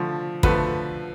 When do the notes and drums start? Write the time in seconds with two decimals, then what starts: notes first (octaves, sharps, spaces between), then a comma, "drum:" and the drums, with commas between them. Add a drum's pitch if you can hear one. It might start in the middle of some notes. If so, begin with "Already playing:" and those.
Already playing: D3 F3 A3
0.43 D3 F3 A3 B4, drum: kick